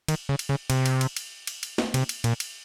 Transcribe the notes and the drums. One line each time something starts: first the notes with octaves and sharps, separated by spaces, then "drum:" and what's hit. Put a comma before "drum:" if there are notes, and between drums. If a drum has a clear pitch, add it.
D#3, drum: cymbal
C#3
drum: cymbal
C#3
C3, drum: cymbal
drum: cymbal
drum: cymbal
drum: cymbal
drum: cymbal
drum: cymbal
drum: snare
C3, drum: cymbal
drum: cymbal
A#2, drum: cymbal
drum: cymbal